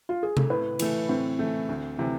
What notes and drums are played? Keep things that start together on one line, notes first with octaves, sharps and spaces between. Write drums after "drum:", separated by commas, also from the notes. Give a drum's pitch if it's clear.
F4
G#4
A4, drum: tom C3
A2 B4
E3 A3, drum: cymbal
A2 C4
E3 A3
D2
C3 E3 A3